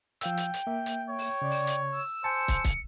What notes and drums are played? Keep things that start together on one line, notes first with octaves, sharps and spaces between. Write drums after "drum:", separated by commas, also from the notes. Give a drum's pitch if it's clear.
F3 F5 G5 E6, drum: hi-hat
drum: hi-hat
drum: hi-hat
A#3 E5
drum: hi-hat
C#5 G5
drum: open hi-hat
C#3 D5
drum: open hi-hat
drum: hi-hat
E6
C5 G#5 A5 C#7
drum: kick, hi-hat
drum: kick, hi-hat